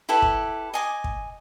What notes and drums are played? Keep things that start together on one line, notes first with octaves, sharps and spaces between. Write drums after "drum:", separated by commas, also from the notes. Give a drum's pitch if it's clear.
E4 G4 A4 B4
drum: kick
D#5 G#5 D6
drum: kick